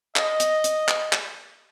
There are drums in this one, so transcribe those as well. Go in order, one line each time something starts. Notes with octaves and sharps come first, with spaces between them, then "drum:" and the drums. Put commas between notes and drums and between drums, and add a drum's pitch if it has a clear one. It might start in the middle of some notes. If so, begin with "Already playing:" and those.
D#5, drum: clap
drum: hi-hat
drum: hi-hat
drum: clap
drum: clap